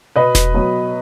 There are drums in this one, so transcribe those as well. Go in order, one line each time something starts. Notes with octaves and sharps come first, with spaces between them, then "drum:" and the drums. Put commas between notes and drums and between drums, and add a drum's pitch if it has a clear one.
B2 B4 D#5
drum: snare E1
F#3 B3